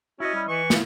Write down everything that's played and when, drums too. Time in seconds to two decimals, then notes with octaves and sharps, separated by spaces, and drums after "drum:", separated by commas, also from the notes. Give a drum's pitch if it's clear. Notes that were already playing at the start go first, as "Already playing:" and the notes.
0.20 C#4 E4 F#4 D#5
0.34 G3
0.48 E3 C#6
0.70 B3 E4 F4, drum: snare